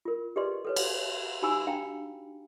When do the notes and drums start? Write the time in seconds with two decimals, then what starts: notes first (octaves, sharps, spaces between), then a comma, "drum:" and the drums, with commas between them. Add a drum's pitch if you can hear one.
0.05 F4 A#4
0.36 G4 G#4 B4 D5 D#5 C6
0.65 A4 B4 C#5
0.76 drum: cymbal
1.42 D#4 F#4 G4 G#5 B5 E6
1.67 D4 F5 G5 A#5